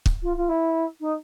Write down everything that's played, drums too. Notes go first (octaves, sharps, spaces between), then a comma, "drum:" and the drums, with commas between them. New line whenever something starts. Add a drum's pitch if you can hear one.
drum: kick
F4
F4
E4
D#4